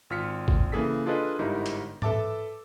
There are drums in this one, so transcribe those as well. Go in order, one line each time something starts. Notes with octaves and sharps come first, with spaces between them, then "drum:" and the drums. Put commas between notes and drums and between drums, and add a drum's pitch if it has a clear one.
G#1 F4 F6 B6 C#7
drum: kick G#1
C#3 E3 A#3 G#4 A4 B6
D4 F4 G#4 A4 B4 D#5
G1 G#2 D#4 E4 G4 A#4
drum: hi-hat
A4 B4 E5 A5 D6 A6, drum: tom G#2